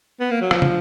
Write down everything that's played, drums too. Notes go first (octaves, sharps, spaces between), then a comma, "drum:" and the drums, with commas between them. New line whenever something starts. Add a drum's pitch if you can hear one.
B3
A#3
F#3
F3, drum: rim click
drum: tom